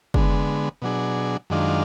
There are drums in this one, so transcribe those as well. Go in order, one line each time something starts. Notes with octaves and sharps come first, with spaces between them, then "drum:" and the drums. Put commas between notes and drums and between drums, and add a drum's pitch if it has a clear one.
D3 G#3 B3, drum: kick
B2 F#3 D4 G#4
F#2 D#3 G#3 D4 F4